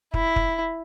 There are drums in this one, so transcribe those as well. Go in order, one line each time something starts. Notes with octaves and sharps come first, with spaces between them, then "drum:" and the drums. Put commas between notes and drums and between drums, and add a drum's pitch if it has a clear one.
E4, drum: kick
drum: kick